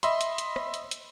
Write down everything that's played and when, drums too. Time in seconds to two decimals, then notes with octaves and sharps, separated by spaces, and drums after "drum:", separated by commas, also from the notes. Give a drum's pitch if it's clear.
0.03 D#5 E5 B5 C6, drum: hi-hat
0.21 drum: hi-hat
0.38 drum: hi-hat
0.56 drum: rim click
0.74 drum: hi-hat
0.91 drum: hi-hat